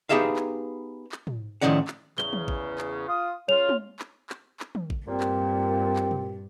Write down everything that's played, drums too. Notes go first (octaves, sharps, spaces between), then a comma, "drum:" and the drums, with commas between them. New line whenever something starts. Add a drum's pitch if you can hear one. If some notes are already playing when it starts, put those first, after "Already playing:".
B3 D#4 G4 G#4 E5 F5
drum: clap
drum: clap
drum: tom
A2 D#3 F3 C#4 D5 F#5
drum: clap
E2 C#3 G7, drum: clap
drum: tom
drum: kick
drum: clap
F4 D#6
C#3 F4 C#5 F7
drum: tom
drum: clap
drum: clap
drum: clap
drum: tom
drum: kick
G2 A#2 C4 G4
drum: clap
drum: clap
drum: tom